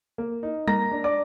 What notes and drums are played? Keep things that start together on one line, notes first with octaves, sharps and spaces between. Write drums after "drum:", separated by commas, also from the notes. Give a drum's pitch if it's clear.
A#3
D#4
A#3 A#5 A#6, drum: tom G3
D4
D5 D6